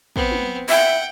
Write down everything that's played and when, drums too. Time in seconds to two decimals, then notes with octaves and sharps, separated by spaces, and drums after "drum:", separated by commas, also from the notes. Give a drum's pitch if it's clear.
0.16 B3 C4, drum: kick
0.31 drum: tom
0.69 E5 F#5 G5